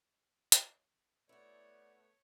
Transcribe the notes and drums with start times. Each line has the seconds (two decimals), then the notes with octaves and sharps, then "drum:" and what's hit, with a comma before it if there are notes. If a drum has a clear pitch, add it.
0.52 drum: hi-hat
1.29 A3 B3 E4 F#4 C#5 D5